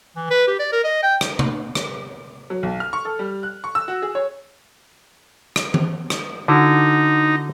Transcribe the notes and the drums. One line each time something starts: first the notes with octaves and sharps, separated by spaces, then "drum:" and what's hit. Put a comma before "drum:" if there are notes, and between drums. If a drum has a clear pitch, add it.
E3
B4
G4
D5
A#4
D#5
G5
drum: rim click
drum: tom C3
drum: rim click
F#3
B1
F6
C#6
A4
G3
F#6
C#6
E6
F#4
G#4
C#5
drum: rim click
drum: tom E3
drum: rim click
D3 D#4 E4 F#4